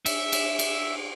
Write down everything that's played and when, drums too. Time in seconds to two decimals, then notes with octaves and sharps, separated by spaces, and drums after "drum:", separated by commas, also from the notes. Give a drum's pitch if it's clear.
0.06 E5, drum: cymbal
0.32 drum: cymbal
0.59 drum: cymbal